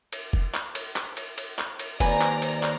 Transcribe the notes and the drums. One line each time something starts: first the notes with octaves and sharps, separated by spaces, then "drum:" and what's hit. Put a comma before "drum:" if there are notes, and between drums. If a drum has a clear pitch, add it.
drum: cymbal
drum: kick F1
drum: clap
drum: cymbal
drum: clap
drum: cymbal
drum: cymbal
drum: clap
drum: cymbal
D#2 B4 C5 D5 G#5 A#5, drum: kick F1, cymbal
drum: clap
drum: cymbal
drum: clap